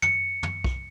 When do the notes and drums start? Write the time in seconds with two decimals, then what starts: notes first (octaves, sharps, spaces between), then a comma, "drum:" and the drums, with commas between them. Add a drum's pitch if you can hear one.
0.02 C#7, drum: tom
0.43 drum: tom
0.64 drum: kick B1